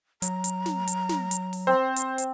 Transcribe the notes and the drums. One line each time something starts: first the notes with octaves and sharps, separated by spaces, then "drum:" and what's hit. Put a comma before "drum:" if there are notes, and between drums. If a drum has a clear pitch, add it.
F#3 A#5, drum: hi-hat
drum: hi-hat
drum: snare
drum: hi-hat
drum: snare
drum: hi-hat
drum: open hi-hat
C4 C5
drum: hi-hat
drum: hi-hat